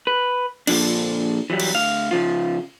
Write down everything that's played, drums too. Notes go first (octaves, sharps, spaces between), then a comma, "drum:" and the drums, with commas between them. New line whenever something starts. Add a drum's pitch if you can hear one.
B4
A#2 D3 F3 D4, drum: cymbal
E3 F#3 G3
drum: cymbal
D2 F5
C#3 F3 F4